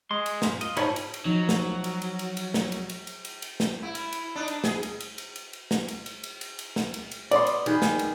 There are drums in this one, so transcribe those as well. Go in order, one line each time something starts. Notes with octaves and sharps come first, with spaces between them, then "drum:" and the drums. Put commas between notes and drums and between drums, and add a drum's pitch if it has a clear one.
G#3 C6
drum: cymbal
G2 A#2, drum: snare
F4 D#5, drum: cymbal
G#2 D#4 C5 C#5 A5 B5, drum: cymbal
drum: cymbal
drum: cymbal
F3 F#3 D#4
drum: snare
drum: cymbal
drum: cymbal
drum: cymbal
drum: cymbal
drum: snare
drum: cymbal
drum: cymbal
drum: cymbal
drum: cymbal
drum: cymbal
drum: snare
E4
drum: cymbal
drum: cymbal
D4 D#4
drum: cymbal
G#4, drum: snare
drum: cymbal
drum: cymbal
drum: cymbal
drum: cymbal
drum: cymbal
drum: snare
drum: cymbal
drum: cymbal
drum: cymbal
drum: cymbal
drum: cymbal
drum: snare
drum: cymbal
drum: cymbal
B3 D5 C6, drum: cymbal
drum: cymbal
D#3 G#4 B4, drum: cymbal
drum: snare
drum: cymbal